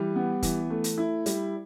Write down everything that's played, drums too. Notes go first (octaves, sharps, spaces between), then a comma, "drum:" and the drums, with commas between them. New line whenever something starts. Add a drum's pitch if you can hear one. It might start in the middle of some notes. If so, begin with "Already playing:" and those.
Already playing: E3 G3
B3
E3, drum: kick, hi-hat
A3
drum: hi-hat
E4
G3, drum: hi-hat